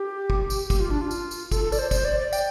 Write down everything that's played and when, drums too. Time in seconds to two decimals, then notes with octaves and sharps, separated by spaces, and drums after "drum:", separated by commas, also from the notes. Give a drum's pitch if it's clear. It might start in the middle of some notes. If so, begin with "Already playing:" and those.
Already playing: G4
0.30 drum: kick
0.50 drum: tambourine
0.70 G4, drum: kick, tambourine
0.80 F4
0.91 D4
1.01 F4
1.11 drum: tambourine
1.31 drum: tambourine
1.51 A4, drum: kick, tambourine
1.64 A4
1.72 D5, drum: tambourine
1.79 C5
1.91 C5, drum: kick, tambourine
2.05 D5
2.19 D5
2.33 G5, drum: tambourine